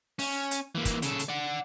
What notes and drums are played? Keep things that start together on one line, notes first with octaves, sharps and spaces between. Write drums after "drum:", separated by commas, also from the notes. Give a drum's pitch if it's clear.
C#4, drum: open hi-hat
drum: hi-hat
E3 A#3
drum: kick, hi-hat
C#3 A4, drum: hi-hat
drum: hi-hat
D5 F#5